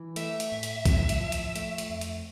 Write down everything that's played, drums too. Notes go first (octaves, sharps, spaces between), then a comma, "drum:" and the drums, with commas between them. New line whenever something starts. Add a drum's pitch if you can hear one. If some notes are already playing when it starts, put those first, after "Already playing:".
Already playing: E3
A3 E5, drum: hi-hat
drum: hi-hat
A2
drum: hi-hat
A2, drum: kick B1, hi-hat
drum: hi-hat
F3
drum: hi-hat
A3, drum: hi-hat
drum: hi-hat
F2
drum: hi-hat